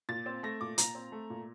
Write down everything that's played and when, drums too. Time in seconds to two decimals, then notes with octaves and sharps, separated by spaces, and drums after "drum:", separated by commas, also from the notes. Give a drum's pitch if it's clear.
0.09 A#2 A6
0.26 C4
0.43 A3 A#6
0.61 A#2 D6
0.78 A#2 A#5, drum: hi-hat
0.95 C4
1.12 A3
1.30 A#2